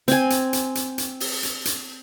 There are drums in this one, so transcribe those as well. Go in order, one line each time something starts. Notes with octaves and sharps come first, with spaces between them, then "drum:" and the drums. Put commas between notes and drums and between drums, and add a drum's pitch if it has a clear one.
C4 G#5, drum: hi-hat
drum: hi-hat
drum: hi-hat
drum: hi-hat
drum: hi-hat
drum: open hi-hat
drum: hi-hat
drum: hi-hat